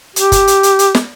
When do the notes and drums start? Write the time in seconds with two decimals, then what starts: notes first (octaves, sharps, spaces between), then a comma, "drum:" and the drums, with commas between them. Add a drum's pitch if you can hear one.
0.16 G4, drum: hi-hat
0.32 drum: kick F#1, hi-hat
0.47 drum: hi-hat
0.63 drum: hi-hat
0.79 drum: hi-hat
0.95 drum: snare